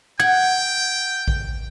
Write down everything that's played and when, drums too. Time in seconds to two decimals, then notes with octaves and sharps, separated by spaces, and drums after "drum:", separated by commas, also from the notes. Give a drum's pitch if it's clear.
0.20 F#5 G5 G#6
1.28 drum: kick A1